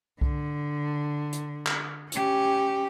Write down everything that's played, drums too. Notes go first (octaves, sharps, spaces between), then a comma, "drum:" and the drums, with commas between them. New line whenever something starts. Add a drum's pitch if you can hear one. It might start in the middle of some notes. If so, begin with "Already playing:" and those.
D3, drum: kick C2
drum: hi-hat
drum: clap
C#4 G4, drum: hi-hat